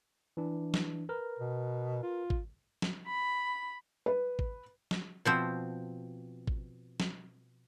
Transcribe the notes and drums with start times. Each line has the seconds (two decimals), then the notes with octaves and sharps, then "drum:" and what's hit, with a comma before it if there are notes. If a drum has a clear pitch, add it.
0.37 E3 D4
0.74 drum: snare
1.09 A#4 B4
1.39 B2
2.03 F4
2.30 drum: kick G#1
2.82 drum: snare
3.06 B5
4.06 B4
4.39 drum: kick G#1
4.91 drum: snare
5.25 B2 F3 C4
6.47 drum: kick G#1
7.00 drum: snare